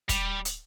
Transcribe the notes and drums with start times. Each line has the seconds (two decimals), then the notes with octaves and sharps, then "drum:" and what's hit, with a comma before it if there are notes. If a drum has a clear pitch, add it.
0.09 G3, drum: kick, hi-hat
0.45 drum: hi-hat